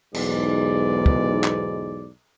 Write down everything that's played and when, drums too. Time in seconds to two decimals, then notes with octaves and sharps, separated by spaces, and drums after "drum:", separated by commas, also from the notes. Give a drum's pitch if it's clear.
0.14 B1 E2 G#2 D5, drum: cymbal
1.06 drum: kick
1.44 drum: clap